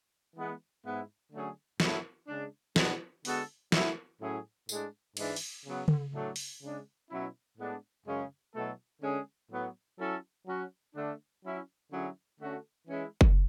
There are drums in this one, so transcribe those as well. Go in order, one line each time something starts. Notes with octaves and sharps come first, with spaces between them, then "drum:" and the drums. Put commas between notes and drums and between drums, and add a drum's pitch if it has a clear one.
E3 G#3 B3
G#2 G#3 B3 E4
D3 F#3 A3 C#4 G#4
G#2 F#3 B3 E4 A4, drum: snare
C#3 G#3 D4
B2 G#3 B3 D4, drum: snare
D3 G#3 B3 F#4 A4, drum: open hi-hat
F#3 A3 E4 A4, drum: snare
A2 F#3 C#4 E4 G#4
A2 G#3 D4, drum: tambourine
G#2 E3 G#3 D4, drum: cymbal
drum: open hi-hat
C#3 F#3 B3
drum: tom C#3
A2 F#3 A3 D4
drum: open hi-hat
C#3 G#3 D4
B2 F#3 C#4 E4
A2 G#3 B3 D4
F#2 C#3 G#3 C#4
B2 F#3 A3 E4 A4
D3 G#3 C#4 G#4
A2 F#3 B3
F#3 C#4 E4 A4
F#3 C#4 F#4
D3 A3 D4
F#3 C#4 E4
D3 F#3 C#4 E4 G#4
D3 A3 C#4 F#4 A4
E3 G#3 C#4 E4
drum: kick F#1